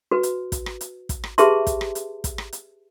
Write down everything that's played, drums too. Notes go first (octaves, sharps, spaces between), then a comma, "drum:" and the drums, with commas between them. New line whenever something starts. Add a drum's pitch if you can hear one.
F#4 B4
drum: hi-hat
drum: kick, hi-hat
drum: rim click
drum: hi-hat
drum: kick, hi-hat
drum: rim click
G4 G#4 B4 E5 A5 C6, drum: hi-hat
drum: kick, hi-hat
drum: rim click
drum: hi-hat
drum: kick, hi-hat
drum: rim click
drum: hi-hat